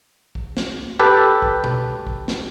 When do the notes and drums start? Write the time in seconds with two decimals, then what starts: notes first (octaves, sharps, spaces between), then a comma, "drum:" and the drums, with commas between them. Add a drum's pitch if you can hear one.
0.35 drum: kick
0.57 drum: snare
0.99 G4 A4 B4
1.42 drum: kick
1.64 drum: tom B2
2.07 drum: kick
2.28 drum: snare